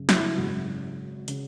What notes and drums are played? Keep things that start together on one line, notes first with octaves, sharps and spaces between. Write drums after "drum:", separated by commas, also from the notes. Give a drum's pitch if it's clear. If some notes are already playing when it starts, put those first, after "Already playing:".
Already playing: F#2 C#3
F#4, drum: snare
E4
G#1 F#2 C#3 F#4
C#3, drum: hi-hat